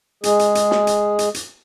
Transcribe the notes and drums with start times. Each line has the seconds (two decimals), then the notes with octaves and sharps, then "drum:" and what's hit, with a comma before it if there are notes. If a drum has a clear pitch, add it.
0.24 G#3 G#4, drum: hi-hat
0.39 drum: hi-hat
0.55 drum: hi-hat
0.71 drum: snare
0.87 drum: hi-hat
1.19 drum: hi-hat
1.34 drum: hi-hat